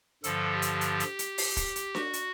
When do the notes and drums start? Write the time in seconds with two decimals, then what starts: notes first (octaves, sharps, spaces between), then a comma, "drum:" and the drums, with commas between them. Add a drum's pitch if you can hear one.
0.24 G2 D3 F3 A4, drum: hi-hat
0.52 G4
0.62 drum: hi-hat
0.81 drum: hi-hat
1.00 drum: hi-hat
1.19 drum: hi-hat
1.38 drum: open hi-hat
1.57 drum: kick, hi-hat
1.76 drum: hi-hat
1.95 F#4, drum: snare D4
2.13 drum: hi-hat